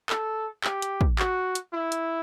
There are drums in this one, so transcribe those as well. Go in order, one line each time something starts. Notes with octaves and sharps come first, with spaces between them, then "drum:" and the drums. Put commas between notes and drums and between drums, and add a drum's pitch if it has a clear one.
A4, drum: clap
G4, drum: clap
drum: hi-hat
drum: kick
F#4, drum: clap
drum: hi-hat
E4
drum: hi-hat